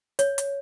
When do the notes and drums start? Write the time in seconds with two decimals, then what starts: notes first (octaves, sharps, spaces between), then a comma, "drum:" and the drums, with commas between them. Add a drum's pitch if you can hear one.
0.19 C#5, drum: hi-hat
0.38 drum: hi-hat